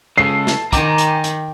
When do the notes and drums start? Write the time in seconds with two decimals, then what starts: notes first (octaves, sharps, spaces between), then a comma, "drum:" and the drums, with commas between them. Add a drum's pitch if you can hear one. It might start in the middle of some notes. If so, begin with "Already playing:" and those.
0.18 C#3 G#3 A4 C7
0.47 drum: snare
0.73 D#3 G5 G#5 A#5 D6, drum: kick, hi-hat
0.98 drum: hi-hat
1.24 drum: hi-hat